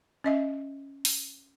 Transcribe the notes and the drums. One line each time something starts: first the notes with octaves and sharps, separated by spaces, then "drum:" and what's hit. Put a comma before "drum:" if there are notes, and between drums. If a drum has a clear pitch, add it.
C#4 D#5 E5
drum: open hi-hat